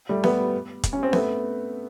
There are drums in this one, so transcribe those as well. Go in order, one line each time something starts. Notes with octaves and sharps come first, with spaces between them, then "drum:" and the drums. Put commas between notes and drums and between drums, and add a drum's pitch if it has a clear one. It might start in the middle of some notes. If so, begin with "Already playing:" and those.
G3 A3
A3 B3, drum: snare B3
drum: kick, hi-hat
C#4
C4
A3 B3, drum: snare B3